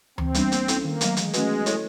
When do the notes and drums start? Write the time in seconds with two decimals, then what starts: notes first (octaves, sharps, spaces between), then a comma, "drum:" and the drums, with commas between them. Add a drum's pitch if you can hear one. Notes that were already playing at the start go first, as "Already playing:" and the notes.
0.18 E3 C4, drum: tom D2
0.34 G3 B3 D4, drum: hi-hat
0.52 A#3, drum: hi-hat
0.68 C#4 E4 A4, drum: hi-hat
0.84 D#3 A#3
1.01 F#3 A3, drum: hi-hat
1.17 E3 G#3, drum: hi-hat
1.33 A3 C#4 F#4 B4, drum: hi-hat
1.49 B3
1.66 E4 A4 C#5, drum: hi-hat